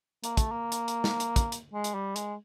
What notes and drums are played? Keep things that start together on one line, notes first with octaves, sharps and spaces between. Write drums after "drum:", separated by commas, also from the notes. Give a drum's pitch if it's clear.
A#3, drum: hi-hat
A3, drum: kick, hi-hat
A#3
drum: hi-hat
drum: hi-hat
drum: snare
drum: hi-hat
drum: kick, hi-hat
drum: hi-hat
G#3
drum: hi-hat
G3
G#3, drum: hi-hat